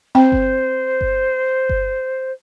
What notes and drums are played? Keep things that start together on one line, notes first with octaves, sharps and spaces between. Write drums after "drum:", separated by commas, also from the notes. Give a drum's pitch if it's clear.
C4 C5 G5
drum: kick G1
drum: kick G1
drum: kick G1